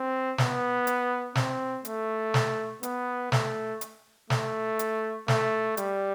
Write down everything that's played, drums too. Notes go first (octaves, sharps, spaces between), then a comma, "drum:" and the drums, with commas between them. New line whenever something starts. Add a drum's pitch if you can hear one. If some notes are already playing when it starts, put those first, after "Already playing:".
Already playing: C4
B3, drum: snare
drum: hi-hat
C4, drum: snare
A3, drum: hi-hat
drum: snare
B3, drum: hi-hat
A3, drum: snare
drum: hi-hat
A3, drum: snare
drum: hi-hat
A3, drum: snare
G3, drum: hi-hat